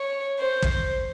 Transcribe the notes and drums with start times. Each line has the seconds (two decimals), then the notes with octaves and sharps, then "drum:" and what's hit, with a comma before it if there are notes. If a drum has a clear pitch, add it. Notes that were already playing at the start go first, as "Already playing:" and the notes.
Already playing: C#5
0.40 C5
0.62 drum: kick